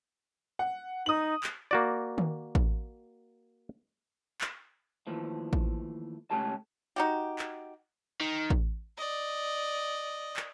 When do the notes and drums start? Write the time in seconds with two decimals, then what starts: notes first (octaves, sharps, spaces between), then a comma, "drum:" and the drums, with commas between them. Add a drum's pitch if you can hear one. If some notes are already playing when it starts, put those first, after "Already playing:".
0.59 F#5
1.06 D#4 D#6 F#7
1.43 drum: clap
1.71 A#3 F#4 D5
2.18 drum: tom D#3
2.55 drum: kick A1
4.41 drum: clap
5.07 D#2 E3 F3 A3
5.53 drum: kick A1
6.30 C#2 A3 C#4 G4 A5
6.96 D#4 F#4 G4
7.39 drum: clap
8.21 D#3
8.50 drum: kick A1
8.97 D5 D#5
10.36 drum: clap